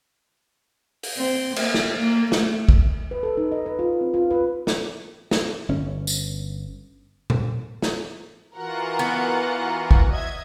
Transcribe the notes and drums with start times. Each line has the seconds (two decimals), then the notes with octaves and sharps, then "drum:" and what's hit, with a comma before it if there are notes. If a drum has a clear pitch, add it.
1.03 drum: open hi-hat
1.17 C4
1.56 A#3, drum: cymbal
1.74 drum: snare
1.97 A#3
2.32 A3, drum: snare
2.69 drum: kick
3.11 B4
3.23 A4
3.37 D#4
3.52 D#5
3.66 B4
3.79 F4
4.01 C4
4.14 F4
4.31 B4
4.67 drum: snare
5.31 drum: snare
5.69 G1 C#4
6.07 drum: tambourine
7.30 drum: tom A#2
7.82 drum: snare
8.55 E3 F4 F#4 A#4 F#5
8.99 B3
9.91 drum: kick
10.11 D#5 E5 G#6